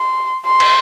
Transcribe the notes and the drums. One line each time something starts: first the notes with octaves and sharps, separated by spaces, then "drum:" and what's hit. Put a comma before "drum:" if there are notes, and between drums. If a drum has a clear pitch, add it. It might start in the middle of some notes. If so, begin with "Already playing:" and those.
Already playing: C6
C6
drum: cymbal